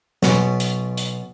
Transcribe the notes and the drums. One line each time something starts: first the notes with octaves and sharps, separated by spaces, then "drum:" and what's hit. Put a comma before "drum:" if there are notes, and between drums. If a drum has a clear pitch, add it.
B1 B2 C#4 B5, drum: snare
drum: hi-hat
drum: hi-hat